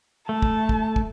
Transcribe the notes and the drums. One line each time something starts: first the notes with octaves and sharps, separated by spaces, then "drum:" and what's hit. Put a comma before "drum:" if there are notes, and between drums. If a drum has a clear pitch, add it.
A3 A5
drum: kick
drum: kick
drum: kick